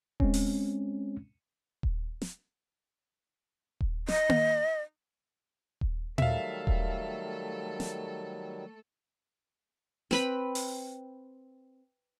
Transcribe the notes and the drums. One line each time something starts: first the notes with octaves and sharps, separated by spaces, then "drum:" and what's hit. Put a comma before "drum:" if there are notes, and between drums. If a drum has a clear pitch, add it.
G#3 C4 C#4, drum: kick D#1
drum: open hi-hat
drum: kick D#1
drum: snare
drum: kick D#1
D#5, drum: snare
drum: tom A#3
drum: kick D#1
D#3 F#3 G3 A3 A4 E5 F5, drum: tom A#2
drum: kick D#1
drum: snare
C4 B4 B5, drum: snare
drum: open hi-hat